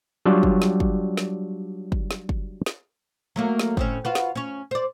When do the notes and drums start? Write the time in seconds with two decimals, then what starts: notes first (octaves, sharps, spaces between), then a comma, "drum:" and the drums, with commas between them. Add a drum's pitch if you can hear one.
0.25 F#3 G3 D4 F4 G4 C#5
0.43 drum: kick
0.62 drum: snare
0.80 drum: kick
1.17 drum: snare
1.92 drum: kick
2.11 drum: snare
2.29 drum: kick
2.66 drum: snare
3.36 F#3 A3 A#3
3.59 drum: snare
3.77 A2 C4 C#4, drum: kick
4.05 F4 F#4 B4
4.15 drum: snare
4.35 C#4 C#5
4.71 C5 D5